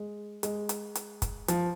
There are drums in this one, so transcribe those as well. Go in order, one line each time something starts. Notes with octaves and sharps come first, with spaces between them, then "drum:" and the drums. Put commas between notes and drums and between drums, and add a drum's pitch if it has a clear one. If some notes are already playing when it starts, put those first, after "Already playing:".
Already playing: G#3
G#3, drum: hi-hat
drum: hi-hat
drum: hi-hat
drum: kick, hi-hat
F3, drum: hi-hat